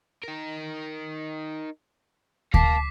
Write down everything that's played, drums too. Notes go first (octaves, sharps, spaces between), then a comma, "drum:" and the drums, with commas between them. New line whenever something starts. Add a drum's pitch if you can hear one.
D#4 A#4
A#4 F5 A5 D6 B6 C7, drum: kick D2